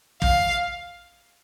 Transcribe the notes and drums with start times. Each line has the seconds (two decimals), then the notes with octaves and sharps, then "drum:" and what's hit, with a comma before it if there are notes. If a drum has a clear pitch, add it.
0.22 F5, drum: kick